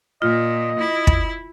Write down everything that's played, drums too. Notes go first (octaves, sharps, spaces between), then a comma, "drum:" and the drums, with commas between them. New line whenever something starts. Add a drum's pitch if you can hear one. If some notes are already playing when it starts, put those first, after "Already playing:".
A#2 F4 D#5
E4
drum: kick